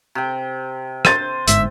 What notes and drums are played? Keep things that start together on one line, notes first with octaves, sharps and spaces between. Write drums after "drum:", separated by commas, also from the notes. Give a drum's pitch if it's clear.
C3 G5
C5 A6 D#7, drum: rim click
G1 G#2 E5, drum: hi-hat